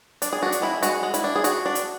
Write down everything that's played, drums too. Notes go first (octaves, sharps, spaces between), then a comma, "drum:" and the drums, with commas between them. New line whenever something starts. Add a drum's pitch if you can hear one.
D4, drum: hi-hat
G#4
D4 F#4
drum: hi-hat
G#3 E4
G#3 F#4, drum: hi-hat
G#3
E4, drum: hi-hat
D4
G#4
D4 F#4, drum: hi-hat
D4
drum: hi-hat